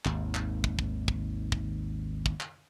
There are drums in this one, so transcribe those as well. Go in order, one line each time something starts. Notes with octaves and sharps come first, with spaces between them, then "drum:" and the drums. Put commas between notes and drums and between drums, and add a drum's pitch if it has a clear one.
G#1 D#2, drum: clap
drum: clap
drum: kick
drum: kick
drum: kick
drum: kick
drum: kick
drum: clap